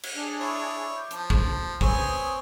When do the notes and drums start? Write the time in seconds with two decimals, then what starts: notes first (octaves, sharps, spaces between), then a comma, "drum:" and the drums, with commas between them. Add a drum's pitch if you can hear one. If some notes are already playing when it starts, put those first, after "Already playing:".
0.03 drum: cymbal
0.14 D4 G#4
0.40 E4 C#5
0.97 D6 G6
1.11 F3 A5, drum: hi-hat
1.30 drum: kick
1.81 C4 B4 C#5 G#5 D#6, drum: kick